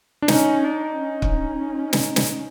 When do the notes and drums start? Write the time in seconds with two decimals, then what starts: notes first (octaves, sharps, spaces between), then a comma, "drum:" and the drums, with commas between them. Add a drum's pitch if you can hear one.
0.22 D4
0.28 C#4 D#4, drum: snare
0.64 D4
0.99 C#4
1.22 drum: kick
1.93 drum: snare
2.16 drum: snare